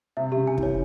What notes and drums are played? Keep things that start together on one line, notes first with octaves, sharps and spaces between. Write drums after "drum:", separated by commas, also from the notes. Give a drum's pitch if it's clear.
C3 E5
C#3 G4
G#5
E3, drum: kick
C#5